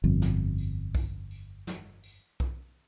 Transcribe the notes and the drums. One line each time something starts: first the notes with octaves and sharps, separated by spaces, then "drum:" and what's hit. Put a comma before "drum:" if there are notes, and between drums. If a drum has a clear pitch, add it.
G1 F2
drum: snare
drum: tambourine
drum: kick B1, tambourine
drum: tambourine
drum: snare
drum: tambourine
drum: kick B1